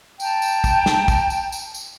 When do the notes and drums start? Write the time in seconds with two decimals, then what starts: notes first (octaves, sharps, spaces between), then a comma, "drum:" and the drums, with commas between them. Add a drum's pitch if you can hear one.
0.20 G5 A5 A#5, drum: tambourine
0.42 drum: tambourine
0.64 drum: kick, tambourine
0.86 drum: snare
1.08 drum: kick, tambourine
1.30 drum: tambourine
1.52 drum: tambourine
1.74 drum: tambourine